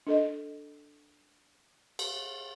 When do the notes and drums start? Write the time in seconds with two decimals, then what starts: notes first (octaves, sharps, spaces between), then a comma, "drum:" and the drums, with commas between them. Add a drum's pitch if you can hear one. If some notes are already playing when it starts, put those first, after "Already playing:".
0.07 D4 A4 D#5
1.99 drum: cymbal